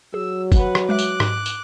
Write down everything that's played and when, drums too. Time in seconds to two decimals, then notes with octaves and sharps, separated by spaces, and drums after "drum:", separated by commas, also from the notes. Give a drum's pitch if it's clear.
0.14 F#3 G#4 E6
0.52 B4 F#5, drum: kick F#1, tambourine
0.75 drum: rim click
0.89 G#3 B4 E5 D6 F#6
0.99 drum: tambourine
1.20 G#2, drum: rim click
1.46 drum: tambourine